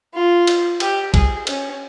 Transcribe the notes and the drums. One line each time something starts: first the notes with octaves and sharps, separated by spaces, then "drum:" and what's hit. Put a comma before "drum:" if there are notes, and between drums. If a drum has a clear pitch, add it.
F4
drum: cymbal
G4, drum: cymbal
G#4, drum: kick, cymbal
C#4, drum: cymbal